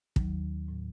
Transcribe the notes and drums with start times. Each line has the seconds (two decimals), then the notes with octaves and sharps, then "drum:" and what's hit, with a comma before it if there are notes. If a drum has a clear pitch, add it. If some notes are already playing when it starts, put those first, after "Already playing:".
0.16 D#2 D#3 F#3, drum: kick
0.68 A2 F#3